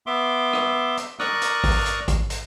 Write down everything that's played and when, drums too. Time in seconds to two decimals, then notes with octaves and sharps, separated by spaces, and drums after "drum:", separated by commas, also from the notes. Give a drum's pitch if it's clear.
0.06 B3 E5 C6 D6
0.53 drum: rim click
0.97 drum: hi-hat
1.19 A#4 D5 A#5 C#6 D#6 F#6, drum: rim click
1.42 drum: hi-hat
1.64 drum: kick A1, open hi-hat
1.86 drum: hi-hat
2.08 drum: kick A1, hi-hat
2.30 drum: hi-hat